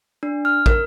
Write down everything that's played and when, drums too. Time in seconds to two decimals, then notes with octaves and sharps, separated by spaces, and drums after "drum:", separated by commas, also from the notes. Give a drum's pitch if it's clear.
0.23 D4
0.45 F6
0.66 A#4, drum: kick